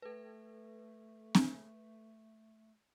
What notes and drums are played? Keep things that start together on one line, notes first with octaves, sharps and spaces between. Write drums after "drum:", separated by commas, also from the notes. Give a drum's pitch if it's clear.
A3 A4 B4
drum: snare C4